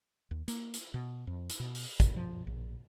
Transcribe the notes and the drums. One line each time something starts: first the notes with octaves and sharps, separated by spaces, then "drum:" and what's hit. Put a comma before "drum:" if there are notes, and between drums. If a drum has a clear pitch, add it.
D#2
A#3, drum: hi-hat
drum: hi-hat
B2
F2
drum: hi-hat
B2
drum: open hi-hat
E1, drum: kick, hi-hat
F3
A#1